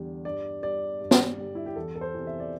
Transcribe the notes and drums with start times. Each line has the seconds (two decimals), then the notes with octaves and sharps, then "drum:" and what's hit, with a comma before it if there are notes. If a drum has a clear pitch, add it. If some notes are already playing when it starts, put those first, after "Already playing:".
Already playing: E2 D3 G3
0.25 G2 D5
0.63 G3 D5
1.01 G2
1.11 drum: snare
1.38 D3 G3
1.55 E4
1.66 G4
1.76 E2 A4
1.96 A4
2.01 C5
2.14 C3 E3
2.27 E5
2.40 D5